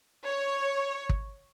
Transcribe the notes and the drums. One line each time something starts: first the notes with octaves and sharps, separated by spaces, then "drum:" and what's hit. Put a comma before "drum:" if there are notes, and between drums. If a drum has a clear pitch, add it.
C#5
drum: kick